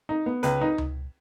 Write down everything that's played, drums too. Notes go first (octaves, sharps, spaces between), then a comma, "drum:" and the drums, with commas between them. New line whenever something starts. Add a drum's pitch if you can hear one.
D#4
B3
C#2 B4, drum: hi-hat
D#4
drum: tom C#2